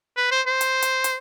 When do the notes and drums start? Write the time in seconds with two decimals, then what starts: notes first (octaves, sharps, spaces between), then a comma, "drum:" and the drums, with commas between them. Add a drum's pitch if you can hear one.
0.17 B4
0.32 C5
0.47 C5
0.61 drum: hi-hat
0.82 drum: hi-hat
1.04 drum: hi-hat